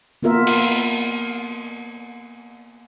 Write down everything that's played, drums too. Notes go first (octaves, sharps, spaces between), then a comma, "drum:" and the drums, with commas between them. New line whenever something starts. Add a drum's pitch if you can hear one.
A#3 B3 F4 A#4 E5
drum: cymbal